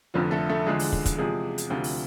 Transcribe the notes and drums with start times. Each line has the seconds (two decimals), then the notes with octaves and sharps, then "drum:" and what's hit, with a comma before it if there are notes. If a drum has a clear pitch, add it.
0.14 F1 F2 D3 F3 F4
0.31 A3 A4
0.49 A3 A4
0.66 E2 D3 F3 G#3 G#4
0.79 drum: open hi-hat
0.93 drum: kick
1.06 drum: kick, hi-hat
1.18 E2 C3 F3 G#3 G#4
1.58 drum: hi-hat
1.70 D2 C3 F3 F4
1.84 drum: open hi-hat